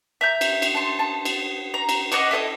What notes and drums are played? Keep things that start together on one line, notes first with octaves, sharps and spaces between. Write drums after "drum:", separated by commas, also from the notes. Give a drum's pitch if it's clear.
E5 A#5 G6
drum: cymbal
drum: cymbal
A5 C6
A5
drum: cymbal
A#5
drum: cymbal
D#5 F#5 C#6 D6, drum: cymbal
E4 A4 D5 D#5